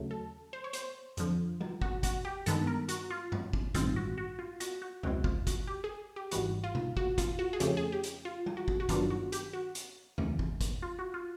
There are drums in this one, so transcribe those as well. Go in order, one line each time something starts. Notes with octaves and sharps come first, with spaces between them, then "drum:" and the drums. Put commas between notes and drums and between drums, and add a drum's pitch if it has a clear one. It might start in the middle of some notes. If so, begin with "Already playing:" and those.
Already playing: D#2 C#3 F#3 A3
A4
C5
C#5
C5, drum: hi-hat
F2 D3 F3, drum: hi-hat
drum: tom G3
F#4, drum: kick
F#4, drum: kick, hi-hat
G4
G2 D#3 G#3 B3 A4, drum: hi-hat
A#4
F#4, drum: hi-hat
F4
drum: tom G2
drum: kick
A1 G2 D#3 G#3 C4 F4, drum: kick, hi-hat
F#4
F#4
F4
F#4, drum: hi-hat
F#4
C#2 B2 G#3 C4 E4 F#4, drum: tom E2
F4, drum: kick
F#4, drum: kick, hi-hat
G4
G#4
G4
G#1 G#2 E3 G3 F#4, drum: hi-hat
F4
drum: tom B2
F#4, drum: kick
F4, drum: kick, hi-hat
F#4
G#4
F2 C#3 F3 A3 C#4 G4, drum: hi-hat
G#4
G4
drum: hi-hat
F4
drum: tom G3
F#4
drum: kick
F#4
G2 D#3 F#3 B3 D4 F4, drum: kick, hi-hat
F#4
G4, drum: hi-hat
F#4
drum: hi-hat
D2 C3 E3, drum: tom E2
drum: kick
drum: kick, hi-hat
F4
F#4
F4